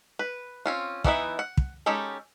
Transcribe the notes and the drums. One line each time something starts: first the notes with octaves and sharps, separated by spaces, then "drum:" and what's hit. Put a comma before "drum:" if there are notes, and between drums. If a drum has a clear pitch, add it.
B4
C4 C#4 F4
E3 B3 D#4 E4, drum: kick
F#5
drum: kick
G#3 C#4 D#4 G4 A4